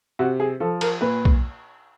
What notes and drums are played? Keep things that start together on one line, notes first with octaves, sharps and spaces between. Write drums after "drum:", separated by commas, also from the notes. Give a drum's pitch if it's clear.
C3 F#4
G#4
F3 A4
A#4, drum: cymbal
A#2 B4
drum: kick B1